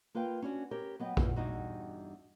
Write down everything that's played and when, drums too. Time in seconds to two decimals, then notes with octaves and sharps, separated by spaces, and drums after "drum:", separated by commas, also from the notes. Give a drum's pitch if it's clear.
0.15 A#3 F4 B4 F5 G5
0.42 C#4 D4 F4 F#4
0.71 G4 A#4 C#5
0.99 F#3 B3 D#5 G5
1.17 E2 A#2 E3, drum: kick A#1
1.36 E2 G2 D#4 F#4